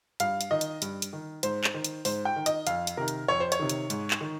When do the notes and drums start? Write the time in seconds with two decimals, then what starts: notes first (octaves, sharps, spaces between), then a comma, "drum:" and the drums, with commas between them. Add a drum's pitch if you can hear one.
0.20 G2 F5, drum: hi-hat
0.41 drum: hi-hat
0.51 D#3 D#5
0.61 drum: hi-hat
0.82 G2, drum: hi-hat
1.02 drum: hi-hat
1.13 D#3
1.43 G#2 C5, drum: hi-hat
1.64 drum: clap
1.74 D#3
1.84 drum: hi-hat
2.05 G#2 C5, drum: open hi-hat
2.25 G5
2.36 D#3
2.46 D#5, drum: hi-hat
2.67 F2 F5, drum: hi-hat
2.87 drum: hi-hat
2.97 C3 D#3 A#4
3.08 drum: hi-hat
3.28 F2 C#5
3.40 C5
3.52 C#5, drum: hi-hat
3.59 C3 D#3
3.69 drum: hi-hat
3.90 G#2, drum: hi-hat
4.11 drum: clap
4.21 D#3